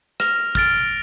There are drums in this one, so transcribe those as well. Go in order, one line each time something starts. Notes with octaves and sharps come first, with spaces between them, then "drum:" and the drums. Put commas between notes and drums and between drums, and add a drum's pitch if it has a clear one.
F6 A#6 F7, drum: rim click
F6 A6 D7 G7, drum: kick